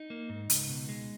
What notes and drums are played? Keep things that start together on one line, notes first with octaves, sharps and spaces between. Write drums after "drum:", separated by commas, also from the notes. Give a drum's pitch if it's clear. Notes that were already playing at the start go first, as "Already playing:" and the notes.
Already playing: D#4
A#3
G#2
C#2, drum: hi-hat
B2
G#3